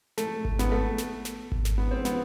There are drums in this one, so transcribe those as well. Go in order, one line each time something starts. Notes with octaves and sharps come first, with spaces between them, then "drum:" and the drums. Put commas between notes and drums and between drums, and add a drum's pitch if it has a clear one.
A3, drum: snare
drum: kick G#1
B3, drum: snare
A3
drum: snare
drum: snare
drum: kick G#1
drum: snare
B3
C4
B3, drum: snare